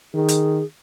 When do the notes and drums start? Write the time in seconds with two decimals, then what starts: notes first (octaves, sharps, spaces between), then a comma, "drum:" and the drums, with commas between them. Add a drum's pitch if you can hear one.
0.14 D#3 G#4
0.29 drum: hi-hat